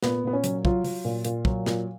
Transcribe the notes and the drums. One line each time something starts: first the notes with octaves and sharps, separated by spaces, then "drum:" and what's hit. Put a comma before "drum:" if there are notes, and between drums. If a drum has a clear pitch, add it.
A#2 B3, drum: snare
A#2 B3
C#4
F#3, drum: hi-hat
F#3 F4, drum: kick
F#3, drum: open hi-hat
A#2
A#2, drum: hi-hat
F#3, drum: kick
A#2, drum: snare